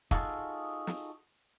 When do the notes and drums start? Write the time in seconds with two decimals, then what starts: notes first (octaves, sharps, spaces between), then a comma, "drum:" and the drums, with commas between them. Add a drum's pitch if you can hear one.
0.11 D#4 F4 F#4 G#4 A4, drum: kick
0.87 drum: snare